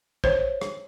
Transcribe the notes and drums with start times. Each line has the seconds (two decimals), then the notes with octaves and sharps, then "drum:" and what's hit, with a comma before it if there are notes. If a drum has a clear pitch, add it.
0.24 C5 C#5, drum: kick
0.61 drum: rim click